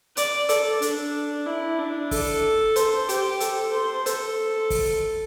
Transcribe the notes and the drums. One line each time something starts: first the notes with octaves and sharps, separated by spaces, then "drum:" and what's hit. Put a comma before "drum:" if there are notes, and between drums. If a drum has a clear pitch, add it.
D5, drum: hi-hat
A4, drum: hi-hat
D4, drum: hi-hat
E4
D4
A4, drum: kick, open hi-hat
C5, drum: hi-hat
G4, drum: hi-hat
A4, drum: hi-hat
C5
A4, drum: hi-hat
drum: kick, open hi-hat